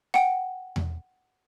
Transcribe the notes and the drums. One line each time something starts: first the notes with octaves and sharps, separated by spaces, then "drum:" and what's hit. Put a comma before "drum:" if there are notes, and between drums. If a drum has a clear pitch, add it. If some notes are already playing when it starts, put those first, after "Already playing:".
F#5 G5, drum: snare
drum: tom E2